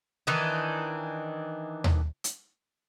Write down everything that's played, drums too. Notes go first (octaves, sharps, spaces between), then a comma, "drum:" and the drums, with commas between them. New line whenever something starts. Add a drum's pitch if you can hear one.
D#3 E3 D4 D#4
drum: tom D#2
drum: hi-hat